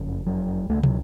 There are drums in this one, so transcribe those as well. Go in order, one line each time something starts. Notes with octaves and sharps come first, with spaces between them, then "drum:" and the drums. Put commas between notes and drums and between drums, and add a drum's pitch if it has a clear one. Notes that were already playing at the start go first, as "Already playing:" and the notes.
Already playing: F#1 F2 C#3
F#3
C#2 C#3 A3
F#3, drum: tom